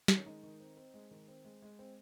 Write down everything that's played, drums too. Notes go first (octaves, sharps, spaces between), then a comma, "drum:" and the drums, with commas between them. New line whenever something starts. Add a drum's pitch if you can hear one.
D#3 D#4, drum: snare
C#4
G#3 D#4
D#3
C4
C4
G#3
D#3
C4
G#3
G#3
C4